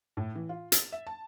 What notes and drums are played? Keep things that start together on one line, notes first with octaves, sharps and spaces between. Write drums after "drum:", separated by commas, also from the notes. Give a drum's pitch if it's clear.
A2
E3
F4
A6, drum: hi-hat
E5
A5